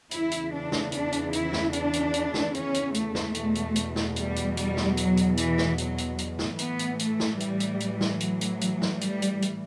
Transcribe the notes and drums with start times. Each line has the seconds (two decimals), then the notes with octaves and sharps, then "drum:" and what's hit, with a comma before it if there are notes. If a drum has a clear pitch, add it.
0.11 E2 C#3 E3 E4, drum: hi-hat
0.32 drum: hi-hat
0.52 D4
0.72 drum: snare
0.92 D4, drum: hi-hat
1.12 drum: hi-hat
1.33 E4, drum: hi-hat
1.53 drum: snare
1.73 D4, drum: hi-hat
1.93 drum: hi-hat
2.14 drum: hi-hat
2.34 drum: snare
2.55 C#4, drum: hi-hat
2.74 drum: hi-hat
2.94 A3, drum: hi-hat
3.15 drum: snare
3.35 E2 B2, drum: hi-hat
3.55 drum: hi-hat
3.76 drum: hi-hat
3.96 drum: snare
4.16 G3, drum: hi-hat
4.36 drum: hi-hat
4.57 G3, drum: hi-hat
4.77 drum: snare
4.97 F#3, drum: hi-hat
5.17 drum: hi-hat
5.37 E3, drum: hi-hat
5.58 drum: snare
5.78 F#3, drum: hi-hat
5.98 drum: hi-hat
6.18 drum: hi-hat
6.39 drum: snare
6.59 A2 E3 B3, drum: hi-hat
6.79 drum: hi-hat
6.99 A3, drum: hi-hat
7.20 drum: snare
7.40 G3, drum: hi-hat
7.60 drum: hi-hat
7.80 drum: hi-hat
8.01 drum: snare
8.20 F#3, drum: hi-hat
8.41 drum: hi-hat
8.61 drum: hi-hat
8.82 drum: snare
9.01 G3, drum: hi-hat
9.22 drum: hi-hat
9.42 drum: hi-hat